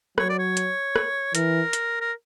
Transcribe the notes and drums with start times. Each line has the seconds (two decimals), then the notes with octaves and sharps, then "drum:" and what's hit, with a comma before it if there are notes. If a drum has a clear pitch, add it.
0.18 F#3 C#5, drum: rim click
0.29 D5
0.39 C#5
0.57 drum: hi-hat
0.96 drum: rim click
1.35 E3 A#4, drum: hi-hat
1.73 drum: hi-hat
2.01 A#4